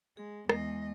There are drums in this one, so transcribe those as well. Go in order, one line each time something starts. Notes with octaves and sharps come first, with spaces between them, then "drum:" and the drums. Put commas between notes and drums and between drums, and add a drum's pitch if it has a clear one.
G#3 G#4
E2 G#3 D#5, drum: rim click